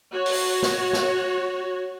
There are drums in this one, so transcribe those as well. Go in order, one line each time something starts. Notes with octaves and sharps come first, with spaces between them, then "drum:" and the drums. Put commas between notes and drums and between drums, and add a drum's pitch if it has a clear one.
F#4 C#5
drum: open hi-hat
drum: snare
drum: snare